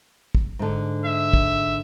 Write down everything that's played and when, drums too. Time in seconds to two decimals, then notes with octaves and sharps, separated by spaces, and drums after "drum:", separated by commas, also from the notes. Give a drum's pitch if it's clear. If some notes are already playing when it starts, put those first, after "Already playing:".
0.35 drum: kick
0.59 G#2 D3
1.06 E5
1.33 drum: kick